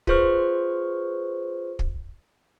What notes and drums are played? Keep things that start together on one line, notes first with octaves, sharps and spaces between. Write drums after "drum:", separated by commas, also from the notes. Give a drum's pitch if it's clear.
F4 G#4 B4 C5 C#6 F6, drum: kick
drum: kick